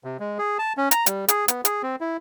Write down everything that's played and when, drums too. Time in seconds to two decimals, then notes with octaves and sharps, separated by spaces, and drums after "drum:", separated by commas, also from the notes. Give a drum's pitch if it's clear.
0.04 C3
0.20 G#3
0.39 G#4
0.59 A5
0.77 C#4
0.91 A#5, drum: hi-hat
1.06 G3, drum: hi-hat
1.28 G#4, drum: hi-hat
1.48 B3, drum: hi-hat
1.65 G#4, drum: hi-hat
1.83 C4
2.01 E4